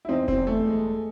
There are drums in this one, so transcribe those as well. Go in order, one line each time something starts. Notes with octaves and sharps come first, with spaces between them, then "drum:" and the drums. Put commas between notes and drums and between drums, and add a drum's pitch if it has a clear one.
E4
E2 C4 D#4
C4, drum: kick F1
E2
A3
G#3
G#3